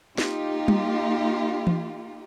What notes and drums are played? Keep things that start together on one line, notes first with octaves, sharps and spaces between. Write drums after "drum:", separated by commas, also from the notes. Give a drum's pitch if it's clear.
A#3 D#4 F4 G4, drum: snare
drum: tom G3
drum: tom E3